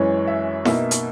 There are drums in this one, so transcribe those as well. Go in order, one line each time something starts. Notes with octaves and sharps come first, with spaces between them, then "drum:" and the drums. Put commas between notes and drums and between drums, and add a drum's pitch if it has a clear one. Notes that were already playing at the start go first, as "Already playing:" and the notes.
Already playing: F#2 E3 G#3 C#4 C#5
E5
B2 A#3 D#4 E5, drum: snare E4
drum: hi-hat